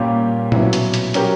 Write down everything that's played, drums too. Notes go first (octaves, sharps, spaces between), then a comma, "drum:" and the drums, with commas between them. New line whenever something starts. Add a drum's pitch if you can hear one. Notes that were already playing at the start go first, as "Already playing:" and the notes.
Already playing: A#2 G3 A#3 C#4 G4
B2 F#3 C#4 E4, drum: tom A#2
drum: hi-hat
drum: hi-hat
F#3 C#4 G4 A#4, drum: hi-hat